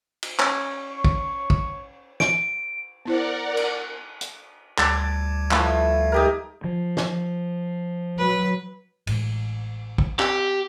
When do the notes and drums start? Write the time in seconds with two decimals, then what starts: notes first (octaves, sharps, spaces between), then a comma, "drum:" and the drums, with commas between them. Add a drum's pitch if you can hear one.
0.23 drum: cymbal
0.39 C#4, drum: clap
0.92 C#5
1.04 drum: kick
1.50 drum: kick
2.20 D7, drum: snare
3.05 B3 E4 A#4 C5 D5 F#5
3.57 drum: cymbal
4.21 drum: hi-hat
4.78 D2 G3 A5 D6 G#6, drum: clap
5.51 F3 A3 E4 B4 A5, drum: clap
6.12 D#4 G4 A#4
6.64 F3
6.97 drum: snare
8.18 F#3 B4
9.07 A1 A2 G#3, drum: cymbal
9.98 drum: kick
10.19 C4 G4, drum: clap